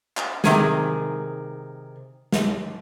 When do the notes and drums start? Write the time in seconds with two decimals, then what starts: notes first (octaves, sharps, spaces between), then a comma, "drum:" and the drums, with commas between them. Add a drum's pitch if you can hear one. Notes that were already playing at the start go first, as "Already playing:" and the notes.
0.17 drum: clap
0.44 C3 D#3 G#4, drum: snare
2.32 drum: snare